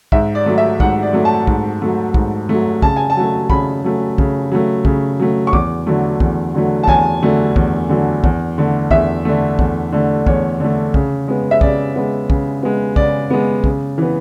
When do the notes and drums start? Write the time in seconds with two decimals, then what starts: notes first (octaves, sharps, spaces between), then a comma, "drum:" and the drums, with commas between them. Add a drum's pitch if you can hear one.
0.12 G#2 E5, drum: kick
0.35 D5
0.46 F#3 A3
0.58 E5
0.80 G#2 F#5, drum: kick
1.03 D5
1.13 F#3 A3
1.25 A5
1.47 G#2, drum: kick
1.82 F#3 A3
2.14 G#2, drum: kick
2.49 F#3 A3
2.82 C#3 A5, drum: kick
2.96 G#5
3.10 A5
3.17 F#3 A3
3.50 C#3 B5, drum: kick
3.84 F#3 A3
4.18 C#3, drum: kick
4.52 F#3 A3
4.85 C#3, drum: kick
5.20 F#3 A3
5.47 C#6
5.53 E2 D6, drum: kick
5.87 D3 F#3 A3
6.20 E2, drum: kick
6.54 D3 F#3 A3
6.83 A5
6.88 E2 G#5, drum: kick
7.22 D3 F#3 A3
7.56 E2, drum: kick
7.89 D3 F#3 A3
8.24 E2, drum: kick
8.58 D3 A3
8.91 E2 E5, drum: kick
9.25 D3 A3
9.59 E2, drum: kick
9.92 D3 A3
10.27 E2 C#5, drum: kick
10.60 D3 A3
10.94 C#3, drum: kick
11.28 G#3 B3
11.51 E5
11.61 C#3 D5, drum: kick
11.95 G#3 B3
12.30 C#3, drum: kick
12.63 G#3 B3
12.96 C#3 D5, drum: kick
13.30 G#3 B3
13.64 C#3, drum: kick
13.98 E3 B3